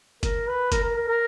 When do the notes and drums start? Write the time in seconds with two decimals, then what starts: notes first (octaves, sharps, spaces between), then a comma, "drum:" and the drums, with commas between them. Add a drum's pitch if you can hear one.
0.23 A#4, drum: kick F#1, hi-hat
0.48 B4
0.72 A#4, drum: kick F#1, hi-hat
0.83 A#4
0.96 A#4
1.08 A#4